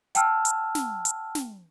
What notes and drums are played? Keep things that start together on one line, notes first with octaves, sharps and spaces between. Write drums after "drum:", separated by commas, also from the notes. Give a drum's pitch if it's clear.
F#5 G5 A5 E6 F6, drum: hi-hat
drum: hi-hat
drum: snare
drum: hi-hat
drum: snare